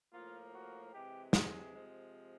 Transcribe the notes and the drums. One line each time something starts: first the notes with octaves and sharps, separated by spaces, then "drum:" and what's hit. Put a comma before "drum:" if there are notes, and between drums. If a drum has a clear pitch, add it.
A2 F3 A#3 F4
F#4
C3 E3 G#3 G4
G#4, drum: snare
C3 F3 G#3